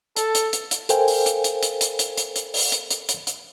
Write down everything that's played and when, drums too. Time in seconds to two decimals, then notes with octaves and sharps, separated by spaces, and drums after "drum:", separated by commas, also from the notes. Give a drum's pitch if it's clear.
0.16 A4, drum: hi-hat
0.35 drum: hi-hat
0.53 drum: hi-hat
0.71 drum: hi-hat
0.89 A4 A#4 C5 F5 G5 G#5, drum: hi-hat
1.08 drum: open hi-hat
1.26 drum: hi-hat
1.44 drum: hi-hat
1.63 drum: hi-hat
1.81 drum: hi-hat
1.99 drum: hi-hat
2.17 drum: hi-hat
2.36 drum: hi-hat
2.54 drum: open hi-hat
2.72 drum: hi-hat
2.91 drum: hi-hat
3.09 drum: hi-hat
3.27 drum: hi-hat